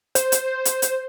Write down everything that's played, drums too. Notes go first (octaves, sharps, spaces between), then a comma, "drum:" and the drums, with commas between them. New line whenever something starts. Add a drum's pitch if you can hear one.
C5, drum: hi-hat
drum: hi-hat
drum: hi-hat
drum: hi-hat